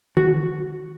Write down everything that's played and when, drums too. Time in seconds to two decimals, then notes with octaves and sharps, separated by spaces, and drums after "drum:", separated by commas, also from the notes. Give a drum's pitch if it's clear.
0.17 F#4, drum: tom D3